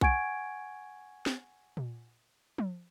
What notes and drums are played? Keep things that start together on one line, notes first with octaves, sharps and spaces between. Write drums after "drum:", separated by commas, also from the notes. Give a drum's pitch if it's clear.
F#5 G#5 C#6 G#6 D7, drum: kick B1
drum: snare
drum: tom A#2
drum: tom F3